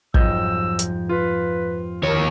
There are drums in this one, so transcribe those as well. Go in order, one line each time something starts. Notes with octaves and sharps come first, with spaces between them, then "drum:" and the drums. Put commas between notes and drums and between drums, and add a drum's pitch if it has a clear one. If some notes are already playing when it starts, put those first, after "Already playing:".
B1 F2 G#2 G3 D#5 E6 G6, drum: kick
drum: hi-hat
F4 B4
D#2 A#4 C#5